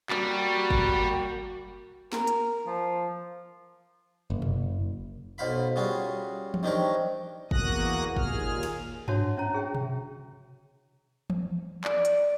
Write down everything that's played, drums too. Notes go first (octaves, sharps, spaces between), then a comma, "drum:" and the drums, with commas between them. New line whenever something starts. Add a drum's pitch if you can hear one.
G3 A#3 F#4, drum: clap
drum: kick
A#4, drum: snare
drum: hi-hat
F3
F#1
drum: tom B2
B1 B2 C5 F5 B5
C#3 G3 F4 F#4 G#4
drum: tom E3
D#3 C4 D4 G4 A#4 C#5
E2 A#3 F#4 D#6 F#6 A#6, drum: kick
D#2 A#2 G#4 F6, drum: kick
drum: cymbal
D4 F#4 C#5 E5 F#5 A5, drum: tom G2
C#4 C#5 A#5
C#4 G#4 E5 G5
drum: tom B2
drum: tom E3
D5, drum: clap
drum: hi-hat